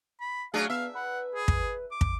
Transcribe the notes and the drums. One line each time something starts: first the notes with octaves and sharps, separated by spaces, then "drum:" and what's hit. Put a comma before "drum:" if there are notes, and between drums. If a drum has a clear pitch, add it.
B5
F#3 A3 D4 G#4 F5
B3 E5 F5
B4 F#5
G#4
drum: kick
D6
drum: kick